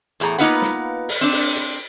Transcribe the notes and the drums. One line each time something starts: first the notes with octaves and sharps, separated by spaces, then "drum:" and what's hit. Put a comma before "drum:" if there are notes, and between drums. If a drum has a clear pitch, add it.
E2 A2 G#4 A#5
A#3 B3 D#4 F4 B4 F#5, drum: hi-hat
drum: snare
drum: open hi-hat
C4 D4
drum: open hi-hat
drum: hi-hat